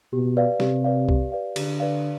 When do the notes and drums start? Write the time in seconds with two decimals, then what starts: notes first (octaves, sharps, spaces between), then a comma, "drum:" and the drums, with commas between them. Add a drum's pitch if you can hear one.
0.13 B2 G4
0.37 B4 D5 F5
0.60 C3 G4, drum: snare
0.84 B4 D5 F5
1.09 G4, drum: kick C2
1.32 B4 D5 F5
1.56 D3 G4, drum: cymbal
1.80 B4 D5 F5